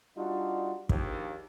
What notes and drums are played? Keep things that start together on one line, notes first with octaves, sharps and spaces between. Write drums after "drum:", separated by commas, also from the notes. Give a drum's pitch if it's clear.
G3 D4 D#4 F4 F#4
A#1 D#2, drum: kick